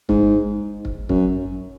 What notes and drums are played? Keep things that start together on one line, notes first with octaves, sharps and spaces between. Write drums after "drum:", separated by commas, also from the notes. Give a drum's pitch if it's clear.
G#2, drum: kick
drum: kick
F#2, drum: kick